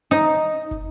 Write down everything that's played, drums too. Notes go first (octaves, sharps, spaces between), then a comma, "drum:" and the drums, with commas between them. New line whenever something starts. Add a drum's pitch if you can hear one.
D#4, drum: hi-hat
drum: kick, hi-hat